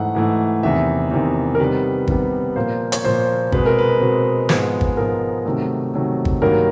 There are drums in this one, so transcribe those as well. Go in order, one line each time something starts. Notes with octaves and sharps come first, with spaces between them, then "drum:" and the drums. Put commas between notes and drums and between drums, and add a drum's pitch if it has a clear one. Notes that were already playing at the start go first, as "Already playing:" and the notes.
Already playing: G#2 E3 A3 F#5
G#2 E3 A3
E2 C3 D#3 E5
E2 C3 D#3
A#4
C3 D#3 G3 B3 B4
C3 D#3 G3 B3, drum: kick
A#2 F3 A#3 C5
C#5, drum: hi-hat
A#2 F3 A#3 C5
B2 G#3 C4 B4, drum: kick
A#4
B4
B2 G#3 C4
G#2 F3 G#3 B3, drum: snare
drum: kick
G#2 F3 G#3 B3 A#4
C3 D#3 F#3 A3
C3 D#3 F#3 A3
drum: kick
G2 D#3 F#3 A#3 A#4